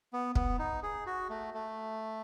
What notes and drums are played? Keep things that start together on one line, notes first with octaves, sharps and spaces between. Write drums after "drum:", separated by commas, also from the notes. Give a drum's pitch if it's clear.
B3
B3, drum: kick
D#4
G#4
F#4
A3
A3